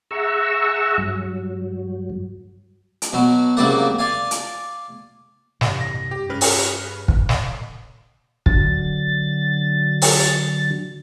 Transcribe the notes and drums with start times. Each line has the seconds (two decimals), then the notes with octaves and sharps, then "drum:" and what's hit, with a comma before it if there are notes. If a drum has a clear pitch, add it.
0.11 G#4 E5 F#5 A#5 C#6 E6
0.98 G2 F#3
3.02 drum: hi-hat
3.13 B2 F#3
3.57 C#2 C3 F#3 A#3 D5 F#5
3.99 D5 F5 G#5
4.31 drum: hi-hat
5.61 G2 C3, drum: snare
5.81 A#6
6.11 G4
6.29 G2 C#3 B4 F6
6.41 drum: open hi-hat
7.08 drum: kick
7.29 drum: snare
8.46 D3 F#3 A6, drum: kick
10.02 drum: open hi-hat